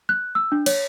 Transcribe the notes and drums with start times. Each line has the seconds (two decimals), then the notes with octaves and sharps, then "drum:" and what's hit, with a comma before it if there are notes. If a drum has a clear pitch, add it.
0.09 F#6
0.35 E6
0.52 D4
0.66 C#5, drum: cymbal